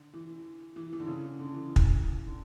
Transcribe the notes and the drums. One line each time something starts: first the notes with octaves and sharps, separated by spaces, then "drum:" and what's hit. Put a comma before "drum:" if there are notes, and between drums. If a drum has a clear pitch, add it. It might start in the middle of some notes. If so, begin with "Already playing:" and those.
Already playing: D3
E3
E3
E3
D3
C#3
D3
E3
drum: kick
D3